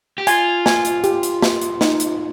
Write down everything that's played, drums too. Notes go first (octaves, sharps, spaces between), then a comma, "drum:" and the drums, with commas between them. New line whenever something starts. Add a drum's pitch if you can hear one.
G4
F4 G#5, drum: hi-hat
G#5, drum: snare
drum: hi-hat
G4, drum: hi-hat
drum: hi-hat
G4, drum: snare
drum: hi-hat
D#4, drum: snare
drum: hi-hat